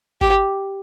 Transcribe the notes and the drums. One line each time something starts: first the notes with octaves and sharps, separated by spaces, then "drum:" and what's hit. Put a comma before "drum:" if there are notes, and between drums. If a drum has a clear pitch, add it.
G4, drum: kick G1